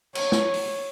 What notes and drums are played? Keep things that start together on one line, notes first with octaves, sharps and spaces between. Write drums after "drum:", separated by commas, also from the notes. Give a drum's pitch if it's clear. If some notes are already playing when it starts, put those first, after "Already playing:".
C#5, drum: cymbal
drum: snare
drum: open hi-hat